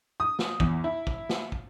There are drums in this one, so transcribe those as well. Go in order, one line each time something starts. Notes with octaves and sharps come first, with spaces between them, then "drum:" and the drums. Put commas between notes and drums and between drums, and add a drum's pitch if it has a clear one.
D#6
drum: snare
E2, drum: kick
E4
drum: kick
drum: snare
drum: kick